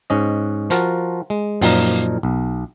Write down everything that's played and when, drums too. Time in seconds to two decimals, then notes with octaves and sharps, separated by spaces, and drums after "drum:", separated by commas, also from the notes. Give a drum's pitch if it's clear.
0.10 G#2 C#4 D#5
0.70 F3 F4 F#4 A#4, drum: hi-hat
1.30 G#3
1.61 F#2 A#2 F3 D#4 A#4, drum: open hi-hat
2.23 B1